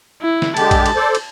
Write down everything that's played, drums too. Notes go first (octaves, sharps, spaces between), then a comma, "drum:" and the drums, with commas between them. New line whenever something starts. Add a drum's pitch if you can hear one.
E4
drum: snare
D3 G#3 G4 A5, drum: cymbal
drum: kick A#1, cymbal
drum: cymbal
A4 C5 D5
drum: cymbal